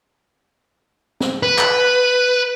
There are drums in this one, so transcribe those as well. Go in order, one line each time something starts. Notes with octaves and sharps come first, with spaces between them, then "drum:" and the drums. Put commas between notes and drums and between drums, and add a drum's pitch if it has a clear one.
drum: snare
B4
drum: clap